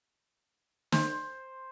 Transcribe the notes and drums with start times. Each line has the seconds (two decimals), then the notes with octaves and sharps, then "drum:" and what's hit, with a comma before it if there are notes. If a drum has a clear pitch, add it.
0.92 C5, drum: snare